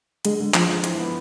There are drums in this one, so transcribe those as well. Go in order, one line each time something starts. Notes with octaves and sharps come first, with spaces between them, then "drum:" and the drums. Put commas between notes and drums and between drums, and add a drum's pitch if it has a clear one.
D3 G#3, drum: hi-hat
D3
F3 G#3, drum: clap
F3
E3, drum: hi-hat
B3